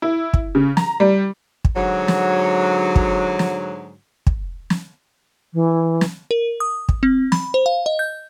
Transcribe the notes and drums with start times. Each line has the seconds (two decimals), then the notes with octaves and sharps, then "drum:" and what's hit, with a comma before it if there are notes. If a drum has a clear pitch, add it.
0.02 E4
0.34 drum: kick
0.55 C#3
0.77 A#5, drum: snare
1.00 G3
1.65 drum: kick
1.76 G#2 D3 F#3
2.08 drum: snare
2.96 drum: kick
3.39 drum: snare
4.27 drum: kick
4.70 drum: snare
5.53 E3
6.01 drum: snare
6.31 A#4
6.60 D#6
6.89 drum: kick
7.03 C4
7.32 B5, drum: snare
7.54 C5
7.66 F5
7.86 D#5
7.99 G6